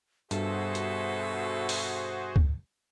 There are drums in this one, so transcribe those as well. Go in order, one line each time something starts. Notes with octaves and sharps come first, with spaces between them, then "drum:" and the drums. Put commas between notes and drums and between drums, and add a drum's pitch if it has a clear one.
G2 B2 F#4 G#4 A4 C5 E5, drum: hi-hat
drum: hi-hat
drum: open hi-hat
drum: kick